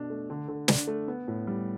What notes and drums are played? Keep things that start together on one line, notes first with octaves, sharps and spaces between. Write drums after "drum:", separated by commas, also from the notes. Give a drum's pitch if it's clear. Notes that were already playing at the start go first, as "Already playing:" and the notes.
Already playing: B2 D4 A4
A3
D3
D3
D4, drum: snare
A3
B3
A2
G3